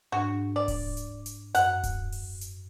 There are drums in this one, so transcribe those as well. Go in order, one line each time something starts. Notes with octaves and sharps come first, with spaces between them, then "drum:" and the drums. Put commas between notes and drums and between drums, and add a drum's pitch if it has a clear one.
G#2 D4 F#4
D5
drum: kick D1, open hi-hat
drum: hi-hat
drum: hi-hat
F#2 F#5, drum: hi-hat
drum: kick D1, hi-hat
drum: open hi-hat
drum: hi-hat